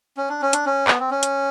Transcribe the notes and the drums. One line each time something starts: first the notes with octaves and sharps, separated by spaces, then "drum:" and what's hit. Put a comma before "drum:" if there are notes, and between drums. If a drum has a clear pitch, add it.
C#4
D4
C#4
D4, drum: hi-hat
C#4
B3, drum: clap
C4
C#4
drum: hi-hat